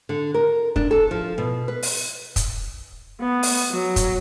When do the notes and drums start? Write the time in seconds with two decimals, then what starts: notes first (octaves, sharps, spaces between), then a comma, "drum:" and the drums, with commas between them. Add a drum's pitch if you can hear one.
0.09 D3
0.34 A#4
0.76 D4, drum: kick
0.91 A4
1.11 F3
1.38 B2
1.68 B4
1.83 drum: open hi-hat
2.36 drum: kick, hi-hat
3.21 B3
3.43 drum: open hi-hat
3.71 F#3
3.96 drum: kick, hi-hat